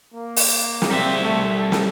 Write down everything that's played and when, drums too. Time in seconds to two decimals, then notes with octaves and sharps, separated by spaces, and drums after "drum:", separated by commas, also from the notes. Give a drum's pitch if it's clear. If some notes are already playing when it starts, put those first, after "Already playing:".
0.14 A#3
0.36 drum: open hi-hat
0.82 drum: snare
0.91 G3 C4 E5
1.23 A3
1.52 A4
1.72 drum: snare